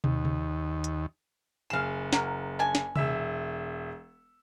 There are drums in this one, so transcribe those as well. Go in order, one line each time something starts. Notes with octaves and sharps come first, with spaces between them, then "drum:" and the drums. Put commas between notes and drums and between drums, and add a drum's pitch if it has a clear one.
D#2, drum: tom
drum: tom C3
drum: hi-hat
F#1 G#4 F5 E7
F#3 G#3 A#3, drum: snare
D4 G#5
drum: snare
E1 E5 E6, drum: tom C3